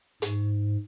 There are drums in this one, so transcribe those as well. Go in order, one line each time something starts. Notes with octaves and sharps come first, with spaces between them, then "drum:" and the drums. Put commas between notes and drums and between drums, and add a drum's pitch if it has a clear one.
G#2, drum: hi-hat